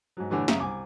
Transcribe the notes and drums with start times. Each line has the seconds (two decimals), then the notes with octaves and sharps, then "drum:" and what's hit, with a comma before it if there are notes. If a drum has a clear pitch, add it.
0.17 G#2 F#3
0.30 A2 D3 E3 G3
0.48 F#2 C#3 E5 A#5, drum: snare
0.60 C2 G#5 D6